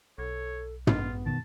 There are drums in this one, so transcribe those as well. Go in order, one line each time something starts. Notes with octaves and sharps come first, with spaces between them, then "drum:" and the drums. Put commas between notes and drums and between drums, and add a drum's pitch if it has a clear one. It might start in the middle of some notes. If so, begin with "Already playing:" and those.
B1 A4 C#5
A1 B3 F4, drum: tom
B2 D#3 A5